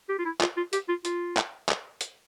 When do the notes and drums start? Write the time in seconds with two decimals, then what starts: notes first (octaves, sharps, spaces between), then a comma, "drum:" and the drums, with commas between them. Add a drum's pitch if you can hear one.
0.09 G4
0.19 F4
0.25 E4
0.41 F4, drum: clap
0.57 F4
0.73 G4, drum: hi-hat
0.89 F4
1.05 F4, drum: hi-hat
1.37 drum: clap
1.69 drum: clap
2.01 drum: hi-hat